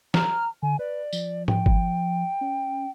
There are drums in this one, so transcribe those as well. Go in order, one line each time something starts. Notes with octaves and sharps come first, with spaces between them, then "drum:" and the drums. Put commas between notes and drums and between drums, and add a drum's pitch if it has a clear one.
A#5 F6, drum: snare
D3 G#5
B4 D5
F3, drum: tambourine
G5, drum: tom G#2
drum: kick G1
C#4